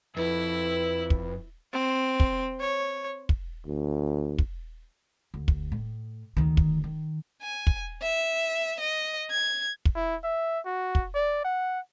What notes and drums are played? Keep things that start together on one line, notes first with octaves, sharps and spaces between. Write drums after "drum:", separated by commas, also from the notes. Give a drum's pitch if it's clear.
F2 E4 B4
drum: kick
C4
drum: kick
C#5
drum: kick
D2
drum: kick
D2
drum: kick
A2
D2 D#3
drum: kick
D#3
G#5
drum: kick
E5
D#5
G#6
drum: kick
E4
E5
F#4
drum: kick
D5
F#5